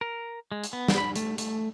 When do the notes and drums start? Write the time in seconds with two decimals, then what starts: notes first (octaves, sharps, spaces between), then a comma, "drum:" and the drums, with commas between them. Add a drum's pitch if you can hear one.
0.01 A#4
0.52 G#3
0.64 drum: hi-hat
0.73 B3
0.88 drum: snare
0.98 B5
1.16 A3, drum: hi-hat
1.38 A3, drum: hi-hat